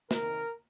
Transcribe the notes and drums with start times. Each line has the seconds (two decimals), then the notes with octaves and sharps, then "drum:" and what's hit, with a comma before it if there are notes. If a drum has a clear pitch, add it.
0.11 C3 D#3 A#4, drum: snare